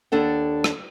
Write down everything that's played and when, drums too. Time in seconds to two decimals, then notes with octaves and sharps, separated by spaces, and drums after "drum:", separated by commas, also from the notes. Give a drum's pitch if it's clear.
0.12 D#2 D4 A4 F#5
0.64 drum: rim click